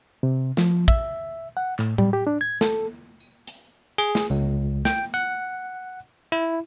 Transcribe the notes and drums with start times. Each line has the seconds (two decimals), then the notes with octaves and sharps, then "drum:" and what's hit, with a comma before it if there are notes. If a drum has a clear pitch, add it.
0.23 C3
0.57 F3, drum: snare
0.88 E5, drum: kick
1.57 F#5
1.79 A2, drum: clap
1.98 G3, drum: tom A2
2.13 G4
2.27 D4
2.41 G#6
2.61 A4, drum: snare
3.20 drum: tambourine
3.47 drum: hi-hat
3.98 G#4
4.15 drum: snare
4.30 C#2, drum: tambourine
4.85 G5, drum: snare
5.14 F#5
6.32 E4